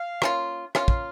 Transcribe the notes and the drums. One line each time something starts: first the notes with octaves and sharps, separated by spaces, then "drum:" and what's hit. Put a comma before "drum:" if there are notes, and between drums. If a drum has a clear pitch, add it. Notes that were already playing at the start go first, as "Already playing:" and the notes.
Already playing: F5
A#3 C#4 F4, drum: rim click
A#3 C#4 F4 F5, drum: rim click
drum: kick